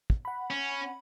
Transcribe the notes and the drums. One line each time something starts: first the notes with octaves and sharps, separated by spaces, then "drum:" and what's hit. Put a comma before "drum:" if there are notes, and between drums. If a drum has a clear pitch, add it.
drum: kick
F#5 B5
C#4